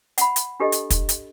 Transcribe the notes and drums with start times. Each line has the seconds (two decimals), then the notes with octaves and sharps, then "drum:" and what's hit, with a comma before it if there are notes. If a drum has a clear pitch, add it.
0.18 F#5 B5, drum: hi-hat
0.36 drum: hi-hat
0.60 D4 G4 A4 D#5
0.72 drum: hi-hat
0.90 drum: kick, hi-hat
1.09 drum: hi-hat